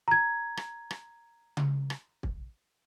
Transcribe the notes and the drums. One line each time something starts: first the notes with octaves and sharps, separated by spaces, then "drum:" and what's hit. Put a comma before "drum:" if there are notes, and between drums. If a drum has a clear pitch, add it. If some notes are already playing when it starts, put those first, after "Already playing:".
A#5 G#6
drum: rim click
drum: rim click
drum: tom C#3
drum: rim click
drum: kick